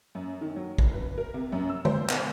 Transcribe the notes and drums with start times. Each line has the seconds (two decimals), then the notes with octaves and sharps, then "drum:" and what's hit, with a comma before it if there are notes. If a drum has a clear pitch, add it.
0.15 F#2
0.41 D#3
0.56 F#3
0.78 F#1, drum: kick
0.93 B4
1.18 A#4
1.34 C3
1.52 F#2
1.69 E6
1.85 C5, drum: tom D3
2.09 B3, drum: clap